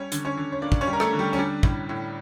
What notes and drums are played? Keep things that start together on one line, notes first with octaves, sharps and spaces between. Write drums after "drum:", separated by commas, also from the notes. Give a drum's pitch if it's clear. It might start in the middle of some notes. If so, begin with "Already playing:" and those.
Already playing: G3 C#4 C#5
D3, drum: hi-hat
C#4 C#5
D3
C#5
A#3 D4 D5
drum: kick
C#4 C#5
G3
A#4
A3 A4, drum: rim click
D3
G3 G4
C#4
G3 D4
A2, drum: kick
A2